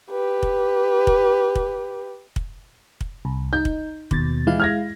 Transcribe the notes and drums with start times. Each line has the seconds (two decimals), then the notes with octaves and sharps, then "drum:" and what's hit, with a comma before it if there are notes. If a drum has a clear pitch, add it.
0.10 G4 B4
0.43 drum: kick
1.07 drum: kick
1.55 drum: kick
2.36 drum: kick
3.01 drum: kick
3.25 C2
3.53 D#4 G6
3.65 drum: kick
4.11 D#2 B2 A6, drum: kick
4.47 E3 G#3 E4 F5
4.60 F6 G#6 A#6